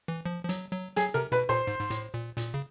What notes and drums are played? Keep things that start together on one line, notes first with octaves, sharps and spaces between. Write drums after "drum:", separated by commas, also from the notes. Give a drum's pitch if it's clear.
E3
F3
F3
F#3, drum: hi-hat
F#3
F#3 G#4, drum: hi-hat
C3 A#4
B2 B4
A#2 C5
G#2
G#2
A2, drum: hi-hat
A#2
A#2, drum: hi-hat
C#3